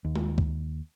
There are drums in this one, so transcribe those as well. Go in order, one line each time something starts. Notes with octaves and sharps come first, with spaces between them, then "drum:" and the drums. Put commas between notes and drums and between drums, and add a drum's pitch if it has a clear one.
D#2
drum: tom G#3
drum: kick D2